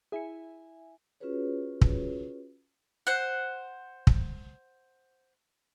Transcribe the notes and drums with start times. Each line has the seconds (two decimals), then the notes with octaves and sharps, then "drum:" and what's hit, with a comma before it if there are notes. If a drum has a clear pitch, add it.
0.12 E4 G#4 E5 G#5 C#7
1.20 C#4 F4 F#4 G#4 B4 C#5
1.81 drum: kick
3.07 C5 F#5
4.07 drum: kick